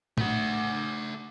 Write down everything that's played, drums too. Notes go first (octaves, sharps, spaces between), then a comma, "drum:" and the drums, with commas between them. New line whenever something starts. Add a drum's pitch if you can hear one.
A3 F#5, drum: tom A2